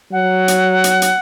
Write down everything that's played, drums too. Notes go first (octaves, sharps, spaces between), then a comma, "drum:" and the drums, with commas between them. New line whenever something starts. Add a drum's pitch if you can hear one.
F#3 F#5
drum: hi-hat
drum: hi-hat
drum: hi-hat